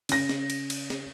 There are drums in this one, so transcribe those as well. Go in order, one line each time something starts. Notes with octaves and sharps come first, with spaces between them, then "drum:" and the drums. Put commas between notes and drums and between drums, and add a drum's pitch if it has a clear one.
C#3 A#6, drum: cymbal
drum: snare
drum: cymbal
drum: cymbal
drum: snare